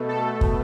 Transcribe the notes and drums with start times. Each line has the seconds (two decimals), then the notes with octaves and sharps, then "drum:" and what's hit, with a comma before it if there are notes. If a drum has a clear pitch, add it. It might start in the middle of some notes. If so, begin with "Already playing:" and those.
Already playing: B2 A3
0.09 A4
0.41 drum: kick